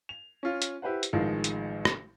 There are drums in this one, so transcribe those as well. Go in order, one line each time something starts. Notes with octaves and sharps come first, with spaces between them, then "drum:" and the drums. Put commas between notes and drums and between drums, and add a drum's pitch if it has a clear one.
F7
C#4 F4
drum: hi-hat
E4 G4 B4 C5 F#5
drum: hi-hat
A1 D#3 F3 G#3 F5
drum: hi-hat
drum: rim click